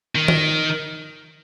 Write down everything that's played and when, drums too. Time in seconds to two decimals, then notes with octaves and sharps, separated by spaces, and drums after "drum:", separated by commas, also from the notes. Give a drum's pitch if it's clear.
0.15 D#3
0.28 drum: tom D#3